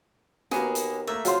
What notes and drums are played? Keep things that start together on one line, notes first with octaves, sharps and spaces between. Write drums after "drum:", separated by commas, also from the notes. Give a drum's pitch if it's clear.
D#2 A#3 B3 F#4 G#4, drum: snare
drum: hi-hat
A3 A#3 E5
C#3 F#3 F4 C5 F5 C6, drum: hi-hat